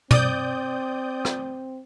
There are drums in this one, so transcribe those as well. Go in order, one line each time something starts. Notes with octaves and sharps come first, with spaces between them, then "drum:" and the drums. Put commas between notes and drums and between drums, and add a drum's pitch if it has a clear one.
C4 D5 D#6 G6, drum: tom
drum: rim click